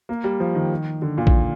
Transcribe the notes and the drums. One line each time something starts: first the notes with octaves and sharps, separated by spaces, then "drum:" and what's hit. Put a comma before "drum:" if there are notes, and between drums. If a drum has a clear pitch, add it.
A#3
G3
F3
D#3
D3
A#2
drum: kick